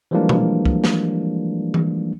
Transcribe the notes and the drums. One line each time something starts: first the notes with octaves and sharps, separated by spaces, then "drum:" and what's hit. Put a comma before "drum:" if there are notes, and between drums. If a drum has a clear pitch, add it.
E3 F3 G3 G#3 A#3 D4
drum: tom B2
drum: kick
drum: snare
drum: tom E3